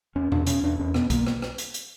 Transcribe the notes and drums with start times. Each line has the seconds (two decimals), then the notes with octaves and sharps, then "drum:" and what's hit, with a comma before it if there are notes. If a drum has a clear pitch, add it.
0.15 E2 C#4
0.32 B2 D4, drum: tom E2
0.47 B2 C#4, drum: hi-hat
0.63 E2 D4
0.79 E2 C#4
0.94 B2 B3, drum: rim click
1.10 B2 A#3, drum: kick B1, hi-hat
1.27 drum: rim click
1.42 drum: rim click
1.58 drum: hi-hat
1.74 drum: hi-hat